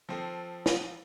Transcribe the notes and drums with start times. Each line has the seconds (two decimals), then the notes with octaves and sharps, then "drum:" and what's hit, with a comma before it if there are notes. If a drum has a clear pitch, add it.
0.09 F3 C4 A4
0.66 drum: snare